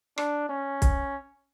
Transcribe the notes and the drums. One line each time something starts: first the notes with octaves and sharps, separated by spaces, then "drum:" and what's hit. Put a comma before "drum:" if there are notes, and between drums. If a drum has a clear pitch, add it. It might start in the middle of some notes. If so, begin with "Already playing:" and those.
D4, drum: rim click
C#4
drum: kick, hi-hat